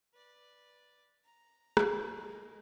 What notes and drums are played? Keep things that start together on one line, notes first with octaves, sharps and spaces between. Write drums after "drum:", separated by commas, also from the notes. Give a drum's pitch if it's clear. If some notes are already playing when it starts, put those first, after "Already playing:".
B4 D5
A#5
drum: rim click
G#3 A#4